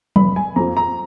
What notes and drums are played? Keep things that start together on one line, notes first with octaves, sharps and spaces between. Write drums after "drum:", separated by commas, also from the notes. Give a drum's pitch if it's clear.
F1 B5, drum: tom F#3
G#5
F2 F3 A#5
A#5